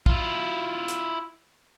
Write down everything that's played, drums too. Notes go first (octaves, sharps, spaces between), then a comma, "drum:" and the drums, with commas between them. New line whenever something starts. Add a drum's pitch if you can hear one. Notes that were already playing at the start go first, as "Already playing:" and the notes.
E4 F4, drum: kick
drum: hi-hat